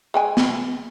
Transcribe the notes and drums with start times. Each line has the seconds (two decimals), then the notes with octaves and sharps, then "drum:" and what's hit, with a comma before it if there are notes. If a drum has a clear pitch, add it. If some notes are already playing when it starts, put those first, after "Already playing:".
0.14 G#3 G5 G#5
0.37 drum: snare